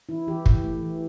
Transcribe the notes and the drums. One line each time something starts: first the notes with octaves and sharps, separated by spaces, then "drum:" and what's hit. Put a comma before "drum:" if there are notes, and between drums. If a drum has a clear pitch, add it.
E3 E4
E3 G4
E3, drum: kick
A3
E3